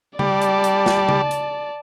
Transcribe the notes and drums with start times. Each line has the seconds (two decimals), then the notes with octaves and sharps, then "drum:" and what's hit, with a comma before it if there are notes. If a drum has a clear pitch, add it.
0.19 G3 D5 A5, drum: tom C#3
0.42 drum: hi-hat
0.64 drum: hi-hat
0.86 drum: snare
1.09 drum: tom C#3
1.31 drum: hi-hat